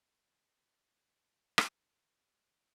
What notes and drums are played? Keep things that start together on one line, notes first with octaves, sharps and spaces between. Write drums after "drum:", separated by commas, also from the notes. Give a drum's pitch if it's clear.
D5 G5
drum: rim click
C#2 E3